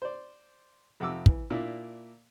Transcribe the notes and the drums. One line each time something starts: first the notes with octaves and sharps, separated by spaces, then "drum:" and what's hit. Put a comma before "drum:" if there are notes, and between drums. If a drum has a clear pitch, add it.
C5 D5
F2 C3 F#5 D6 E6
E3, drum: kick
A#2 A#3 D4 E4